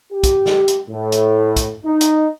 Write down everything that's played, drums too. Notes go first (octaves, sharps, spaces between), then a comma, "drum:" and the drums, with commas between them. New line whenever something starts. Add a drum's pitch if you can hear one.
G4
drum: kick, hi-hat
drum: snare
drum: hi-hat
A2
drum: hi-hat
drum: kick, hi-hat
D#4
drum: hi-hat